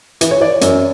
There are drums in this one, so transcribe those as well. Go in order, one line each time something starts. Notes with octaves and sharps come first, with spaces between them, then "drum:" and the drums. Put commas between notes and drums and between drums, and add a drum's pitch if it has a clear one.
E3, drum: hi-hat
C#5
E3 D5
F#2 C#5, drum: hi-hat